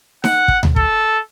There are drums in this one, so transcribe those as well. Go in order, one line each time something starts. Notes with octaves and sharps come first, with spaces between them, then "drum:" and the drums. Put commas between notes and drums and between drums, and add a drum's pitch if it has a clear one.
F#5, drum: snare D#4
drum: kick
drum: tom D2
A4, drum: kick